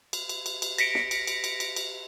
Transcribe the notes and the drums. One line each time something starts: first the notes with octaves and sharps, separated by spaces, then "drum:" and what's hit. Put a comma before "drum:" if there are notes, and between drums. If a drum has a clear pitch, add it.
drum: cymbal
drum: cymbal
drum: cymbal
drum: cymbal
A#6 B6 C#7 D7, drum: cymbal
drum: snare
drum: cymbal
drum: cymbal
drum: cymbal
drum: cymbal
drum: cymbal